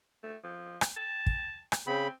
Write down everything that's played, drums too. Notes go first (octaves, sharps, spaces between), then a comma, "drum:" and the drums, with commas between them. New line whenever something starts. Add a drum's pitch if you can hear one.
A3
F3
drum: rim click
A5
drum: kick
drum: rim click
C#3 C4 B5